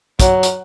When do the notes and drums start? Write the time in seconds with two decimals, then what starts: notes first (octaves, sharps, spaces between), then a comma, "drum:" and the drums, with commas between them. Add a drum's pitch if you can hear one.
0.20 F#3, drum: kick, hi-hat
0.43 drum: hi-hat